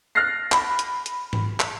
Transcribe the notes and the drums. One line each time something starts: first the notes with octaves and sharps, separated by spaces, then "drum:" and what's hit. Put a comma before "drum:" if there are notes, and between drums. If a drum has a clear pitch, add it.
F6 F#6 A6 A#6 C7
B5, drum: clap
drum: hi-hat
drum: hi-hat
drum: tom G#2
drum: clap